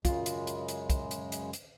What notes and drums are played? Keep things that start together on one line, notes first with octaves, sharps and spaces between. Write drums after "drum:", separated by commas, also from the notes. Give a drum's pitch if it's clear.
F#2 C#3 G#3 F4, drum: kick, hi-hat
drum: hi-hat
drum: hi-hat
drum: hi-hat
drum: kick, hi-hat
drum: hi-hat
drum: hi-hat
drum: hi-hat